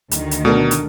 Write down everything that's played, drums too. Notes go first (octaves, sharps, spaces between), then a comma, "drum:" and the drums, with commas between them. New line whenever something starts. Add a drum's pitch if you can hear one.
D2 D#3, drum: hi-hat
drum: hi-hat
B2 A3 D4 A#4
drum: hi-hat